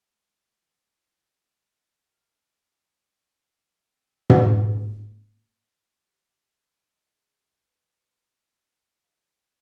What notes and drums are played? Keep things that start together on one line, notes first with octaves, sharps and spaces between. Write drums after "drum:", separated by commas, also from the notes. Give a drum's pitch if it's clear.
G#3
A3 A4 D#5
E3 B4 A5
A3
E4
A#4
C4
drum: tom
G4
C6
D#5
G#4
C#2
B4
E4 G#4 B4 D#5 F5